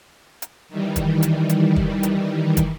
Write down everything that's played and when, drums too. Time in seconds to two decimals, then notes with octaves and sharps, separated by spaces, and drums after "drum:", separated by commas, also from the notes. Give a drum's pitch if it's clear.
0.42 drum: hi-hat
0.69 D#3 E3 G3
0.96 drum: kick, hi-hat
1.23 drum: hi-hat
1.49 drum: hi-hat
1.76 drum: kick
2.03 drum: hi-hat
2.57 drum: kick, hi-hat